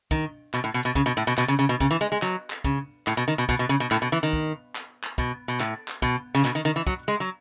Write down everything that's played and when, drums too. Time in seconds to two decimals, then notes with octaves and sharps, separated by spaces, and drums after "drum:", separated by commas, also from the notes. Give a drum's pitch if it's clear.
0.11 D#3, drum: kick
0.54 B2, drum: clap
0.64 A2
0.74 B2
0.85 B2
0.95 C#3, drum: kick
1.06 B2
1.17 A2
1.27 B2
1.38 B2, drum: clap
1.48 C#3
1.59 C#3
1.69 B2
1.80 C#3, drum: kick
1.91 E3
2.01 G#3
2.12 G#3
2.22 F#3, drum: clap
2.50 drum: clap
2.64 C#3, drum: kick
3.07 A2, drum: clap
3.17 B2
3.28 D#3
3.38 B2
3.49 B2, drum: kick
3.59 B2
3.69 C#3
3.80 B2
3.91 A2, drum: clap
4.02 B2
4.12 E3
4.23 D#3
4.33 drum: kick
4.75 drum: clap
5.04 drum: clap
5.18 B2, drum: kick
5.48 B2
5.60 A2, drum: clap
5.88 drum: clap
6.02 B2, drum: kick
6.35 C#3
6.45 B2, drum: clap
6.55 D#3
6.65 D#3
6.76 E3
6.87 F#3, drum: kick
7.08 G#3
7.20 F#3